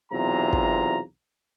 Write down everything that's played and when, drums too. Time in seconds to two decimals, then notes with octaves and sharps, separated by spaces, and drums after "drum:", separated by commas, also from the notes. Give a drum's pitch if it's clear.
0.12 B1 E2 C3 F4 A#5
0.53 drum: kick